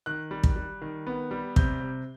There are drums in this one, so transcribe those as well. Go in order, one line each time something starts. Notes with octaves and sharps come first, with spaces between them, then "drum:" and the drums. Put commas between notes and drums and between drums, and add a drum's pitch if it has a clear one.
D#3 F#6
G3
drum: kick
G3
D#3
B3
G3
C3 G6, drum: kick
C3